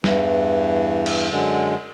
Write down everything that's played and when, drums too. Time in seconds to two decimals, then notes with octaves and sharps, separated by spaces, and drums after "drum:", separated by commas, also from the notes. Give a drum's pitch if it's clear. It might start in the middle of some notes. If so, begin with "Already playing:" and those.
0.04 E2 G2 E3, drum: snare
1.06 drum: cymbal
1.32 F#2 D3 G#3